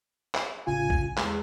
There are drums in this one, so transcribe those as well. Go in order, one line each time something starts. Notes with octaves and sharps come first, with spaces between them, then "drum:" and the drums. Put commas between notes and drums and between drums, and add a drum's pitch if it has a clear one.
drum: clap
A1 C#3 F4 G#5
drum: kick
E2 G#3, drum: clap